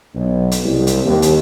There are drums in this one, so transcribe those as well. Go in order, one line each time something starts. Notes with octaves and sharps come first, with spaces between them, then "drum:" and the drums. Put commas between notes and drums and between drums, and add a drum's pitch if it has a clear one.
B1
drum: hi-hat
C2
drum: hi-hat
D#2
drum: hi-hat